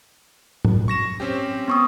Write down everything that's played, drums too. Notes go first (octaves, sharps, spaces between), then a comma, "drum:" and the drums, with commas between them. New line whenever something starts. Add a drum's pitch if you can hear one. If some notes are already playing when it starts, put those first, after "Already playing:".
drum: tom
C#6 A#6 E7
C4 C#4 G4
B3 C#6 D#6